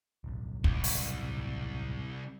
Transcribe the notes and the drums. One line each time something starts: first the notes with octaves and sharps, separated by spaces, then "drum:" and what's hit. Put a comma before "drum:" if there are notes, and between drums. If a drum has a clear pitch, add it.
D1 B1
C2, drum: kick
drum: open hi-hat